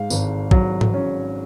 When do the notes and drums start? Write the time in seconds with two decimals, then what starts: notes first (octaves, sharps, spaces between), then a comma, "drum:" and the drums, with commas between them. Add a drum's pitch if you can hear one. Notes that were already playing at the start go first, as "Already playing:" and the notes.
Already playing: G#2 F5
0.10 G#1, drum: tambourine
0.51 F#3, drum: kick
0.81 drum: tom G#2
0.94 C#4